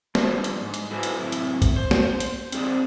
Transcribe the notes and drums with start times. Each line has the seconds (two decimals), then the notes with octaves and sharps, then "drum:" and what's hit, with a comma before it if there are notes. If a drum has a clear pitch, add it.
0.15 F3 G3 B3 D4 C5, drum: snare
0.44 drum: hi-hat
0.60 G#2
0.74 drum: hi-hat
0.91 E4 F#4 A4 B4 C5 G#5
1.03 drum: hi-hat
1.16 F#2 A2 C3 E4
1.32 drum: hi-hat
1.62 drum: kick, hi-hat
1.76 C5
1.91 drum: snare
2.20 drum: hi-hat
2.52 C4 D#4 G#4 C5 D5, drum: hi-hat